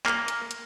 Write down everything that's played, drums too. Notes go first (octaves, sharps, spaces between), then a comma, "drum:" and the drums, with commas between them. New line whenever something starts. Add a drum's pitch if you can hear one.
A#3, drum: clap
drum: hi-hat
drum: hi-hat